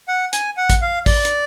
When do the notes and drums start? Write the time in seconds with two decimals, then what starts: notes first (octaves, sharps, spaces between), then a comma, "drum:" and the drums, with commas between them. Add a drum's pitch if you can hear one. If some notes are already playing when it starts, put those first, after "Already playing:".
0.08 F#5
0.33 G#5, drum: hi-hat
0.57 F#5
0.70 drum: kick A1, hi-hat
0.82 F5
1.06 D5, drum: kick A1, open hi-hat
1.25 drum: hi-hat